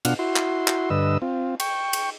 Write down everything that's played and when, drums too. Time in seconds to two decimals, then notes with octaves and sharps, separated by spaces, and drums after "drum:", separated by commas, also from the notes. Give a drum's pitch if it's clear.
0.05 B2 D4 F4 F#5 F6, drum: cymbal
0.19 E4 F#4 C6
0.36 drum: clap
0.68 drum: clap
0.90 G2 D3 B4 D#5 E6
1.22 C4 F4
1.60 G5 C#6, drum: cymbal
1.93 drum: cymbal